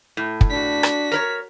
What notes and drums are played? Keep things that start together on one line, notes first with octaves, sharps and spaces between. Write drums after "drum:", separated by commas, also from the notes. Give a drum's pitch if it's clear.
A2
drum: kick
D4 F#4 B6
drum: rim click
A#4 B4 C#5